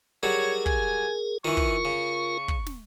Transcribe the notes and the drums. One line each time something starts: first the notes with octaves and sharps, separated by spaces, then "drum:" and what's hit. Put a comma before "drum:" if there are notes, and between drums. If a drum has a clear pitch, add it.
F#3 G3 G#4 A#4 C#5
G#5, drum: kick
D#3 E3 F4 A#4 C#6
drum: kick
C#3
drum: kick
drum: snare